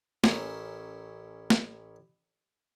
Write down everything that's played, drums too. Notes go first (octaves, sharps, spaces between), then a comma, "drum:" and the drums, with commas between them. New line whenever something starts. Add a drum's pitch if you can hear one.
A1 C#4 A#4 E5, drum: snare
drum: snare